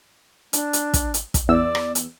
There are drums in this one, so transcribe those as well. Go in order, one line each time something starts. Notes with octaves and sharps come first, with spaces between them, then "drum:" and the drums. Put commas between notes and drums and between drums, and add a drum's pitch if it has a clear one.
D4, drum: hi-hat
drum: hi-hat
drum: kick, hi-hat
drum: hi-hat
drum: kick, hi-hat
E2 D5 E6
drum: rim click
drum: hi-hat